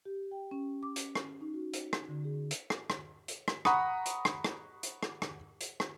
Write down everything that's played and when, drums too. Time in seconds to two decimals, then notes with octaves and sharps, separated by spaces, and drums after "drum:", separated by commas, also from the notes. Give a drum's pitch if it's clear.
0.05 G4
0.31 G5
0.51 C#4
0.83 D6
0.96 drum: hi-hat
1.15 drum: rim click
1.41 D#4
1.54 F#4
1.73 drum: hi-hat
1.93 drum: rim click
2.09 D3
2.24 G#4
2.51 drum: hi-hat
2.70 drum: rim click
2.90 drum: rim click
3.28 drum: hi-hat
3.48 drum: rim click
3.65 F#5 A#5 B5 C#6 D#6, drum: rim click
4.06 drum: hi-hat
4.25 drum: rim click
4.44 drum: rim click
4.83 drum: hi-hat
5.03 drum: rim click
5.22 drum: rim click
5.61 drum: hi-hat
5.80 drum: rim click